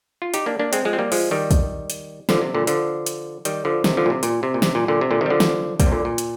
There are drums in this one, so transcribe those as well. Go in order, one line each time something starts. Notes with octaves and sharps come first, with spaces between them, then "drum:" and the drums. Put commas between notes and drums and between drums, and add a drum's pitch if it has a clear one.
F4
D#4 G4, drum: hi-hat
A#3 D4
A#3 D4
G#3 C4, drum: hi-hat
F3 G#3
C4
G3 A#3
F3 G#3, drum: open hi-hat
D#3 G3
drum: kick, hi-hat
drum: hi-hat
D3 F3, drum: snare
C3
A#2 D3
D3 F3, drum: hi-hat
drum: hi-hat
D#3 G3, drum: hi-hat
D3 F3
C3 D#3, drum: snare
D3 F3
A#2
C3
A#2, drum: hi-hat
C3
A#2
C3, drum: snare
A#2
A#2 D3
C3
A#2 D3
C3 D#3
G3
D3 F3
drum: snare
G3 A#3, drum: kick, hi-hat
C3
A#2 D3
A#2
drum: hi-hat